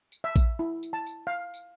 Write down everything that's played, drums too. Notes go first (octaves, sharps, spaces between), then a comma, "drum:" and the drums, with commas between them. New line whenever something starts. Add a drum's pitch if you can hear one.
drum: tambourine
E5
drum: kick A#1, tambourine
E4
drum: tambourine
A5
drum: tambourine
F5
drum: tambourine